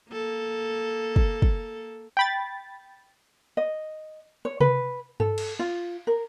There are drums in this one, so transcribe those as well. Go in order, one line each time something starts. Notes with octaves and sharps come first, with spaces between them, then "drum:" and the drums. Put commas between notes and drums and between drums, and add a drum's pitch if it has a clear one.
A#3 A4
drum: kick
drum: kick
G5 B5 A6
D#5
C#5
B4, drum: tom C3
A4, drum: tom G2
drum: cymbal
F4
A#4